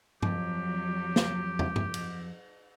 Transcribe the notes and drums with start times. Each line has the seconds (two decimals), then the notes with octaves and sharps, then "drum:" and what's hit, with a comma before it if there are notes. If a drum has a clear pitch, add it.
0.22 F2 F#3 G4, drum: tom G2
1.16 drum: snare
1.59 drum: tom
1.76 drum: tom G2
1.94 drum: cymbal